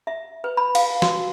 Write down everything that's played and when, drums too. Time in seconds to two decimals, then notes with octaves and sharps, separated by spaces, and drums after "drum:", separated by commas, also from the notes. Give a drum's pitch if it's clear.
0.07 E5
0.44 B4
0.57 B5
0.75 F5, drum: cymbal
1.02 F#4, drum: snare